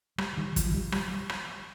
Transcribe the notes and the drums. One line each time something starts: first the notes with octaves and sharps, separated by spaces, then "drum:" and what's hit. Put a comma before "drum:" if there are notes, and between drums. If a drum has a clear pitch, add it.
G3, drum: rim click
D#3
F3, drum: kick, hi-hat
F3
G3
G3, drum: rim click
drum: rim click